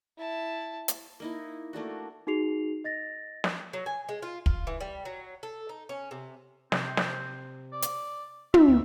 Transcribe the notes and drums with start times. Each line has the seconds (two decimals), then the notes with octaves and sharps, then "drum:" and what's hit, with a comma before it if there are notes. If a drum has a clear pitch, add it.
0.17 E4 A5
0.88 drum: hi-hat
1.20 A#3 D#4 E4
1.73 A3 A#3 D4 F#4
2.27 D#4 F#4 G#4 C7 F7
2.84 D#5 A6 A#6
3.44 drum: snare
3.73 F#3
3.86 G#5
4.09 G#3
4.22 F4
4.46 F4, drum: kick
4.67 E3
4.81 G3
5.05 F#3
5.43 A4
5.69 D#4
5.89 C#4
6.11 C3
6.72 C3 C4, drum: snare
6.97 drum: snare
7.72 D5
7.82 drum: hi-hat
8.54 C4 E5, drum: tom
8.68 D2